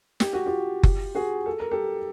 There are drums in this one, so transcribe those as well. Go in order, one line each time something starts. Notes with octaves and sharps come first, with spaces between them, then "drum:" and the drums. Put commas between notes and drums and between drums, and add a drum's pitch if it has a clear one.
G4, drum: snare
F#4
F4 G4
drum: kick F#1
F#4 G#4
A4
A#4
G4 A4